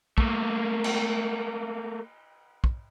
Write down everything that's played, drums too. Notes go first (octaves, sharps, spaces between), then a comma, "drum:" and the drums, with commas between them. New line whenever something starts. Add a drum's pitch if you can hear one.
A3 A#3, drum: kick
drum: cymbal
drum: kick